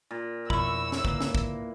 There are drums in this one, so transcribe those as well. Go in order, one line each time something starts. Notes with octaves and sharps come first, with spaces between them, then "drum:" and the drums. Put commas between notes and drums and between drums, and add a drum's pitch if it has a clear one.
A#2
F2 B2 E4 B5 C#6 E6, drum: kick
drum: snare
C#2 G#2 D3 A#3 B4, drum: kick
drum: snare
drum: kick